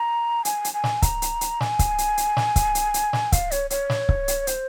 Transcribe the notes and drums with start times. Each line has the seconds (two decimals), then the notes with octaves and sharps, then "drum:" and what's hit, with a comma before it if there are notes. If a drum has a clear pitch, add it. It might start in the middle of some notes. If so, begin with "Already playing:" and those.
Already playing: A#5
0.45 G#5, drum: hi-hat
0.65 drum: hi-hat
0.74 G#5
0.84 drum: snare
1.02 A#5, drum: kick C#1, hi-hat
1.22 drum: hi-hat
1.41 drum: hi-hat
1.61 G#5, drum: snare
1.79 drum: kick C#1, hi-hat
1.98 drum: hi-hat
2.17 drum: hi-hat
2.37 drum: snare
2.56 drum: kick C#1, hi-hat
2.75 drum: hi-hat
2.94 drum: hi-hat
3.13 drum: snare
3.32 F5, drum: kick C#1, hi-hat
3.51 C#5, drum: hi-hat
3.70 C#5, drum: hi-hat
3.90 drum: snare
4.09 drum: kick C#1
4.28 drum: hi-hat
4.47 C5, drum: hi-hat